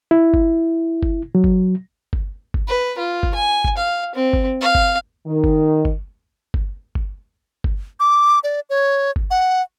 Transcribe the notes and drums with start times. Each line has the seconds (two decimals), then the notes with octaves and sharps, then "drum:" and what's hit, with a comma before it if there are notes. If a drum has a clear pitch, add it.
0.11 E4
0.34 drum: kick G1
1.03 drum: kick G1
1.35 F#3
1.44 drum: kick G1
2.13 drum: kick G1
2.54 drum: kick G1
2.68 B4
2.98 F4
3.23 drum: kick G1
3.35 G#5
3.65 drum: kick G1
3.77 F5
4.15 C4
4.33 drum: kick G1
4.61 F5
4.75 drum: kick G1
5.26 D#3
5.44 drum: kick G1
5.85 drum: kick G1
6.54 drum: kick G1
6.95 drum: kick G1
7.64 drum: kick G1
8.00 D6
8.44 D5
8.70 C#5
9.16 drum: kick G1
9.31 F#5